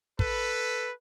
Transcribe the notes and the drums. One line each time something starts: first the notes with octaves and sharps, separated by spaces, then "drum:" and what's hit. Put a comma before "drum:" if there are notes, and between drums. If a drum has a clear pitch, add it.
A4 B4, drum: kick